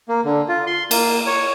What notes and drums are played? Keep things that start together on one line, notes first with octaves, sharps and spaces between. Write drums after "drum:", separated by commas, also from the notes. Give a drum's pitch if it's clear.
A#3
D3
F4
C6
A#3, drum: cymbal
C#5